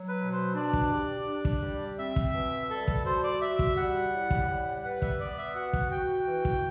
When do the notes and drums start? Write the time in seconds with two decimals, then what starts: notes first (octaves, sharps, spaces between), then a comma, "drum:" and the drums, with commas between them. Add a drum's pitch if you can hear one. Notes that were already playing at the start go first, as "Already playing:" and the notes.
Already playing: F#3
0.08 B4
0.20 B2
0.32 C5
0.55 D4 D5
0.73 drum: kick
0.91 G4
1.27 D4
1.45 drum: kick
1.63 G3
1.98 C4 E5
2.16 drum: kick
2.34 B2
2.70 G3 A4
2.88 A4, drum: kick
3.05 F#4 C5
3.23 D5
3.41 F#4 E5
3.59 drum: kick
3.77 G3 F#5
4.12 A2
4.31 drum: kick
4.48 G3
4.84 B4 F#5
5.02 E5, drum: kick
5.20 B3 D5
5.38 E5
5.55 F#4 F#5
5.73 drum: kick
5.91 F#4 G5
6.27 E3
6.45 drum: kick